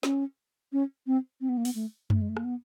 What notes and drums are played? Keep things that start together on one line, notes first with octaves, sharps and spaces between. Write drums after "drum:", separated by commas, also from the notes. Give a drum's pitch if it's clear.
C#4, drum: snare
C#4
C4
C4
B3
A#3
B3, drum: open hi-hat
A3
A3, drum: tom F#2
G#3
A3
A#3, drum: rim click
B3